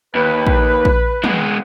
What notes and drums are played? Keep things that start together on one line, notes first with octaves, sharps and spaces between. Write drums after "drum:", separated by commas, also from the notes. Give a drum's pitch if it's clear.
D#2 B4
drum: kick A#1
drum: kick A#1
G#3 B3, drum: tom